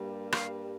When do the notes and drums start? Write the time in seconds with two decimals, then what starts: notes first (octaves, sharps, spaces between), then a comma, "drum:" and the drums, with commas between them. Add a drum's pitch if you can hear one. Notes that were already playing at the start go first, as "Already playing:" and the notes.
Already playing: G2 G3 A#3
0.32 F5, drum: rim click